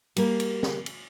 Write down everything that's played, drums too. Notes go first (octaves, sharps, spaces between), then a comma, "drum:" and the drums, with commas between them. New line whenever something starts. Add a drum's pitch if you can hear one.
G3 A#3, drum: cymbal
drum: cymbal
drum: snare
drum: cymbal